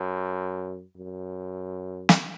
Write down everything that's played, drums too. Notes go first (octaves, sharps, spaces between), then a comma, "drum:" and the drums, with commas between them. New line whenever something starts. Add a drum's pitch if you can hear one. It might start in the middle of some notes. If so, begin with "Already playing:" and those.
Already playing: F#2
F#2
drum: snare